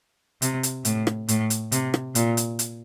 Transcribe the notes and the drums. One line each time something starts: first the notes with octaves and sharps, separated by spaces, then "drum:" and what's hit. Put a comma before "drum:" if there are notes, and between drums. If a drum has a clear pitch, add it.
C3, drum: hi-hat
drum: hi-hat
A2, drum: hi-hat
drum: rim click
A2, drum: hi-hat
drum: hi-hat
C3, drum: hi-hat
drum: rim click
A#2, drum: hi-hat
drum: hi-hat
drum: hi-hat